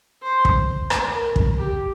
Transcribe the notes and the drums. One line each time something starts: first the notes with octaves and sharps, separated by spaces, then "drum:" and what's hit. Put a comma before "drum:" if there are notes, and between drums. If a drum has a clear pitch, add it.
C5
drum: kick
drum: rim click
A#4
drum: kick
G4